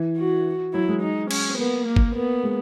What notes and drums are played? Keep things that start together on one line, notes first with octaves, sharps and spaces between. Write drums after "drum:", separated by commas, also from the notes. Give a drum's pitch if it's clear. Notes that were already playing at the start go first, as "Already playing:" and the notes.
Already playing: E3
F#4
F#3 E4
G#3
D#4
C#4, drum: cymbal
A#3 B3
A#3
drum: kick
A#3 B3
G#3